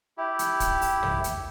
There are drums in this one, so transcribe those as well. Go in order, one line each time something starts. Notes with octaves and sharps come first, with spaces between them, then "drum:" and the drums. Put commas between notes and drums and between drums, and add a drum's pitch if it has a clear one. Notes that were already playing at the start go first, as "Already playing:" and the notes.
E4 G4
drum: hi-hat
drum: kick, hi-hat
drum: open hi-hat
drum: tom
drum: hi-hat